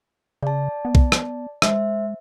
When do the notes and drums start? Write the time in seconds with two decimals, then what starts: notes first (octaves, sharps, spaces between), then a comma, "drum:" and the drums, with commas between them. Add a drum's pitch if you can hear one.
0.43 C#3 D5 A5
0.85 B3
0.95 drum: kick B1
1.12 drum: rim click
1.62 G#3 C5 E5, drum: rim click